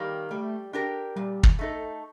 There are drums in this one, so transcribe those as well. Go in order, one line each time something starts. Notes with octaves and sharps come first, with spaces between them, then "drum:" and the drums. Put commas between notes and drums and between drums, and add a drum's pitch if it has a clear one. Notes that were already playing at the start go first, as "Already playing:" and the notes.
Already playing: D#3 G3 A#3
G3 A3
D4 G4 A#4
A#2 G3
drum: kick
A3 D#4 A4